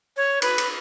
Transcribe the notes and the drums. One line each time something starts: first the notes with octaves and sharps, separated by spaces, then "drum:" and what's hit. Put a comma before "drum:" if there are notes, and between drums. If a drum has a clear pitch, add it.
C#5
B4, drum: cymbal
drum: cymbal